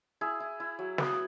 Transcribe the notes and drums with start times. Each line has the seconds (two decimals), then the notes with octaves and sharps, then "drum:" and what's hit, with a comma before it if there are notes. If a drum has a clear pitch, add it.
0.21 E4 G#4
0.40 E4
0.60 E4
0.79 F#3
0.98 B3, drum: snare